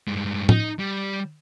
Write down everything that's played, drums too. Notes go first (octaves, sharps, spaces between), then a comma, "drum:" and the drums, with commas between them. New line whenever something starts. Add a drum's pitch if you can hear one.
G2 G#3
D#4, drum: tom A2
G3